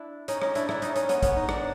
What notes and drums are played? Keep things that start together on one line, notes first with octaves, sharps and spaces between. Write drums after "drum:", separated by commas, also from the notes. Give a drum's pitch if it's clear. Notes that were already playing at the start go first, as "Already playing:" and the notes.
Already playing: D4 E4
C#4 D#4, drum: hi-hat
C#4 D#4, drum: rim click
D4 E4, drum: hi-hat
D4 E4, drum: rim click
C#4 D#4, drum: hi-hat
C#4 D#4, drum: hi-hat
B3 C#4, drum: hi-hat
B3 C#4, drum: kick, hi-hat
D#4
D4, drum: rim click